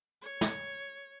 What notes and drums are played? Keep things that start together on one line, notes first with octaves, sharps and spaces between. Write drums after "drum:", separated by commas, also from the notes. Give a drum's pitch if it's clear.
C#5
drum: snare